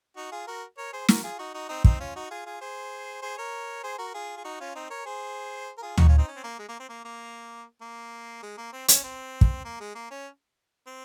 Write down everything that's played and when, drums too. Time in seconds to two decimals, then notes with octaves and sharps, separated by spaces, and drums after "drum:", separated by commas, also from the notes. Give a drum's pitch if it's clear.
0.17 D#4 F#4
0.32 F4 G#4
0.47 F#4 A#4
0.77 A#4 C#5
0.93 G#4 C5
1.08 F#4 A#4, drum: snare
1.24 F4 G#4
1.39 D#4 F#4
1.54 D#4 F#4
1.69 C4 D#4
1.84 C4 D#4, drum: kick
2.00 C#4 F4
2.16 D#4 F#4
2.30 F4 G#4
2.46 F4 G#4
2.61 G#4 C5
3.22 G#4 C5
3.37 A#4 C#5
3.84 G#4 C5
3.98 F#4 A#4
4.14 F4 G#4
4.37 G#4
4.45 D#4 F#4
4.60 C#4 F4
4.75 C4 D#4
4.90 A#4 C#5
5.05 G#4 C5
5.78 A#4
5.82 F4 G#4
5.98 D#4 F#4, drum: tom D2
6.08 C#4 F4
6.18 C4 D#4
6.28 C#4
6.36 C4
6.44 A#3
6.59 G#3
6.69 A#3
6.80 C4
6.89 A#3
7.05 A#3
7.81 A#3
8.43 G#3
8.58 A#3
8.73 C4
8.88 C#4, drum: hi-hat
9.04 C4
9.41 drum: kick
9.65 A#3
9.80 G#3
9.95 A#3
10.11 C#4
10.87 C4